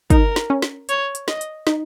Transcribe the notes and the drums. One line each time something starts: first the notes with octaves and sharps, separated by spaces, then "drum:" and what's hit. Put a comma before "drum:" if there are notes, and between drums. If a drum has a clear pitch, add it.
D#4 A#4, drum: kick, hi-hat
drum: snare
C#4
drum: snare
C#5, drum: hi-hat
drum: hi-hat
D#5, drum: snare
drum: hi-hat
D#4, drum: snare